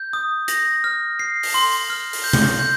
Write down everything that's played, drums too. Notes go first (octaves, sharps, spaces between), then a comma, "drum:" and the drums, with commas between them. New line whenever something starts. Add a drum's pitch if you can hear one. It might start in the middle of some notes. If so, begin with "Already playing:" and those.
Already playing: G6
D#6
A#6, drum: hi-hat
F6
C7
drum: open hi-hat
C6
F6
drum: open hi-hat
G6
drum: tom C3
G6